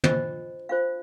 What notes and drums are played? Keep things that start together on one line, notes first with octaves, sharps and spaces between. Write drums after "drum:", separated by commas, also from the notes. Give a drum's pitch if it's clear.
D4 F4 C5 D#5, drum: tom
D4 F4 C5 F5